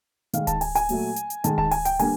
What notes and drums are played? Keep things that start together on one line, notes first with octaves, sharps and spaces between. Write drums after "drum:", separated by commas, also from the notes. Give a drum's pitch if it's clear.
D#3 G#3 F5, drum: hi-hat
A5, drum: kick D1, hi-hat
G#5, drum: open hi-hat
G#5, drum: hi-hat
A#2 F#3 A3, drum: open hi-hat
drum: hi-hat
drum: hi-hat
D#3 G#3 A5, drum: hi-hat
A5, drum: kick D1
G#5, drum: open hi-hat
G5, drum: hi-hat
D3 G3 A#3 G#5, drum: open hi-hat